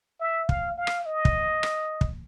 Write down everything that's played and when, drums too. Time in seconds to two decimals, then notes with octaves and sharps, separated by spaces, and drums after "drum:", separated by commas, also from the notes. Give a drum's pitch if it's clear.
0.21 E5
0.49 F5, drum: kick
0.78 F5
0.87 drum: rim click
1.06 D#5
1.25 drum: kick
1.63 drum: rim click
2.01 drum: kick